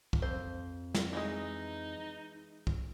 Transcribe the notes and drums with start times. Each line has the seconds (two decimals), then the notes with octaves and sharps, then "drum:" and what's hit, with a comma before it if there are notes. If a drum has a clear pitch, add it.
0.13 drum: kick
0.22 F2 C5
0.95 drum: snare
1.13 E3 G3 G#3 D#4
2.67 drum: kick